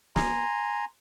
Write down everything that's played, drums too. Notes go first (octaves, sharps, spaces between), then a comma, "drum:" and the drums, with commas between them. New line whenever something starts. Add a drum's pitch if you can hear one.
G#5 A#5 C6, drum: snare